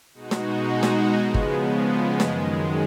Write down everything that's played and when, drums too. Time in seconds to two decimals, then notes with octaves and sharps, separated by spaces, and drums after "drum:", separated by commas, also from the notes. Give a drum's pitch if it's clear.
0.14 B2 G#3 D#4 F#4
0.31 drum: snare
0.83 drum: snare
1.17 C#3 F3 G#3 B3
1.34 drum: kick G1
2.20 F#2 D#3 G#3, drum: snare